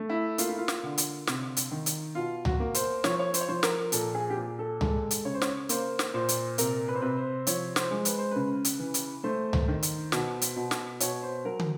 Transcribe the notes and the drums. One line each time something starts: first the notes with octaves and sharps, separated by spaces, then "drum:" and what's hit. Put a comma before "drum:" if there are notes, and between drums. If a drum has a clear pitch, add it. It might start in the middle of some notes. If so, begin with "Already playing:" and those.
Already playing: A3
E4
A#3 F4, drum: hi-hat
E4
F4
drum: snare
D3
drum: hi-hat
C3, drum: snare
drum: hi-hat
D#3
drum: hi-hat
B2 F4
F#4, drum: tom C#2
A#3
C5, drum: hi-hat
F3 C#5, drum: snare
C#5
C5, drum: hi-hat
C#5
F3 C5
A#4, drum: snare
A#2 A4, drum: hi-hat
G#4
G4
A#2 G#4
A4
G#3 A4, drum: tom C#2
drum: hi-hat
C#3 C#5
C5
C#5, drum: snare
A#3 C5, drum: hi-hat
drum: snare
A#2 C5
drum: hi-hat
C3 A#4, drum: hi-hat
B4
C5
C3 B4
C5
F3 C#5, drum: hi-hat
C5, drum: snare
G#3
B4, drum: hi-hat
C5
C#3 B4
drum: hi-hat
E3
drum: hi-hat
A3 C5
drum: tom C#2
D#3
drum: hi-hat
B2, drum: snare
drum: hi-hat
B2
drum: snare
B2 C#5, drum: hi-hat
C5
F#3 A#4
drum: tom